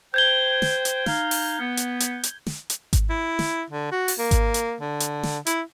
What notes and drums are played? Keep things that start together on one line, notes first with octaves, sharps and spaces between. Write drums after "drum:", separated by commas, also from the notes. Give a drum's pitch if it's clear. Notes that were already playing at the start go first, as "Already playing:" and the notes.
C5 G5 G6 G#6 G7
drum: snare
drum: hi-hat
D#4 F5, drum: snare
drum: open hi-hat
B3
drum: hi-hat
drum: hi-hat
drum: hi-hat
drum: snare
drum: hi-hat
drum: kick G#1, hi-hat
E4
drum: snare
D3
F#4
drum: open hi-hat
A#3
drum: kick G#1, hi-hat
drum: hi-hat
D3
drum: hi-hat
drum: snare
E4, drum: hi-hat